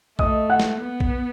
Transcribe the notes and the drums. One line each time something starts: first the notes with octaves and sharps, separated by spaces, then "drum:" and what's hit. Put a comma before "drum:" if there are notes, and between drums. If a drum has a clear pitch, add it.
A3 D#5 D#6, drum: kick
F#5 F#6
drum: snare
B3
drum: kick